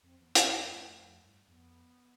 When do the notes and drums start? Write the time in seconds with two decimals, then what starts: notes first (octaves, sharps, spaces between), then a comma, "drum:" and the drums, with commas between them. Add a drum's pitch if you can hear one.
0.03 F2 C4
0.19 E2 B3
0.35 F2 A3, drum: hi-hat
0.51 F2 A3
0.67 G2
0.76 F2
1.00 F2
1.24 G2
1.48 F2 B3